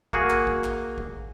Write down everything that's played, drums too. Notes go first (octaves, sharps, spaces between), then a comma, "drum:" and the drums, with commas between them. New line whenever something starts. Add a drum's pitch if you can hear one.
A#3 F#4 G#4, drum: kick
drum: clap
drum: kick
drum: clap
drum: kick